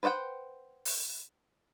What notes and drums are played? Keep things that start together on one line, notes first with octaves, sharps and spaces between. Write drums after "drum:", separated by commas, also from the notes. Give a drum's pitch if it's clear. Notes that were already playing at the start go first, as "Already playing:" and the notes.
B4 C5 D5 F#5 G5
drum: open hi-hat